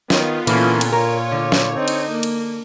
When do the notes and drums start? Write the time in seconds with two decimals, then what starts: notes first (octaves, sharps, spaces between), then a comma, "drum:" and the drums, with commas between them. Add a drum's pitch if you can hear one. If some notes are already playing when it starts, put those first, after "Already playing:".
0.10 D#3 B3 F4, drum: snare
0.47 A#2 D3 E3 A#3 C#4, drum: cymbal
0.81 drum: cymbal
0.92 F4 A#4 C#5
1.32 D3
1.52 drum: snare
1.74 C4 D#4
1.88 drum: cymbal
2.12 A#3
2.23 drum: cymbal